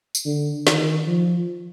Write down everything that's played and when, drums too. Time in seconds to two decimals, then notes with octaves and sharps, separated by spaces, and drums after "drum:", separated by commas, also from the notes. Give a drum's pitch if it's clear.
0.15 drum: tambourine
0.26 D3
0.67 D#3, drum: snare
1.07 F3